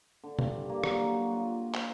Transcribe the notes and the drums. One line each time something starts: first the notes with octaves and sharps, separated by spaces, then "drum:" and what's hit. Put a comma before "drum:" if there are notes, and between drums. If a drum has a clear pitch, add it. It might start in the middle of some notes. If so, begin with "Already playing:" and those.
D3
G2, drum: tom C3
A#3
F#3, drum: rim click
F#3
F4
C5, drum: clap